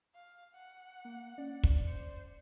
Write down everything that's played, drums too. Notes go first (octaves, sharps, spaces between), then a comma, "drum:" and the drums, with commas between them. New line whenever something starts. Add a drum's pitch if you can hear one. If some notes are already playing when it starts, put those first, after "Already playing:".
F5
F#5
A#3
C#4 D5
drum: kick
C5 C#7